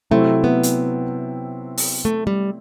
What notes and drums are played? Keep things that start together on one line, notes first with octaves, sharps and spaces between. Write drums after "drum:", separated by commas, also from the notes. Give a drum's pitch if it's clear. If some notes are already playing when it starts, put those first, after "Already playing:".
C3 F#3 A3 C4 E4
B3
drum: hi-hat
drum: open hi-hat
A3
G3